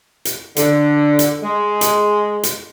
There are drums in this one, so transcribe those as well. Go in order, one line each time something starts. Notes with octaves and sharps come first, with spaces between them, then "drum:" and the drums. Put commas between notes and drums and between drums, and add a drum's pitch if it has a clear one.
drum: hi-hat
D3, drum: hi-hat
drum: hi-hat
G#3
drum: hi-hat
drum: hi-hat